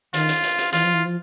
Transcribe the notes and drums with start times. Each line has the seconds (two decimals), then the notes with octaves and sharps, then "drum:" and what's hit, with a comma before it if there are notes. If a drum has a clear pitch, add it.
0.14 D#3 F4, drum: hi-hat
0.29 drum: hi-hat
0.44 drum: hi-hat
0.58 drum: hi-hat
0.73 E3 F4, drum: hi-hat
0.84 F3
0.94 E3
1.05 F3